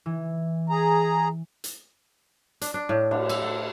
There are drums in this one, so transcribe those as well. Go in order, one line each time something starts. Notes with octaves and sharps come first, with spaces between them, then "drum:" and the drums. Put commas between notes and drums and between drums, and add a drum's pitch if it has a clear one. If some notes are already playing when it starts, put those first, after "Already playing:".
E3
G#4 A#5
drum: hi-hat
D4, drum: hi-hat
D4
A2
D4, drum: cymbal
E5, drum: cymbal
A4